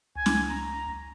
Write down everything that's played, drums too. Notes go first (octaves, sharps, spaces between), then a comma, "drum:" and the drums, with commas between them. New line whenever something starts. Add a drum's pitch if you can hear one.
C#2 G#5
drum: snare
A#5